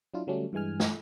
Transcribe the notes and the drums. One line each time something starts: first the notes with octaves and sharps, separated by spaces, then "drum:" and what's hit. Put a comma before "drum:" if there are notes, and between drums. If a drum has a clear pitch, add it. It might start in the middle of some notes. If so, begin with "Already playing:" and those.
F#3 D4 E4 F4
D3 F#3 G3 A3 C#4 D4
G2 E3 G#3 G#5 F6
drum: snare